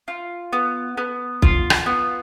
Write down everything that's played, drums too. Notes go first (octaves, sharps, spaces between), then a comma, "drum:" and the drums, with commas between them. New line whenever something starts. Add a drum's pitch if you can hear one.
F4
B3
B3
F4, drum: kick
drum: rim click
B3